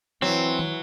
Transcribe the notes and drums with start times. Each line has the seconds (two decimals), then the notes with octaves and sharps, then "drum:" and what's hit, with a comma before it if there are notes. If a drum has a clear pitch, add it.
0.22 E3 F#3 C4
0.59 drum: tom D#3